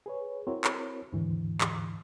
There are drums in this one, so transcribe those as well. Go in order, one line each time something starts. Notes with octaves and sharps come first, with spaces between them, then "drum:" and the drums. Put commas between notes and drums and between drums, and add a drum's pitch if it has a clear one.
G#4 B4 C#5
C4 E4 F#4 A#4 C5 C#5
drum: clap
D#2 G#2 D3 E3
drum: clap